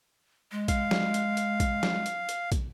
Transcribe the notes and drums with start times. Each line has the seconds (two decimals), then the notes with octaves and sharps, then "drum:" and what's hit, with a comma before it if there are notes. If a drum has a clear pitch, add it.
0.52 G#3
0.68 F5, drum: kick, hi-hat
0.91 drum: snare
1.14 drum: hi-hat
1.37 drum: hi-hat
1.60 drum: kick, hi-hat
1.83 drum: snare
2.06 drum: hi-hat
2.29 drum: hi-hat
2.52 drum: kick, hi-hat